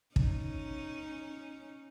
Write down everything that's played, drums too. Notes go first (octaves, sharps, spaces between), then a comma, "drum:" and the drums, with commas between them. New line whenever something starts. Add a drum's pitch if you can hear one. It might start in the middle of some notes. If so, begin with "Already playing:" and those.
C#4 D#4, drum: kick